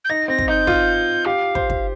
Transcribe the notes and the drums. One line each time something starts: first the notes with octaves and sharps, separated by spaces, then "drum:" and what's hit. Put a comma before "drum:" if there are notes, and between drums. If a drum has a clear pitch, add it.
G6
D#4 A#6
C4 A#6
drum: kick
D#4 G6
F4, drum: kick
G4 F5
C5, drum: kick
drum: kick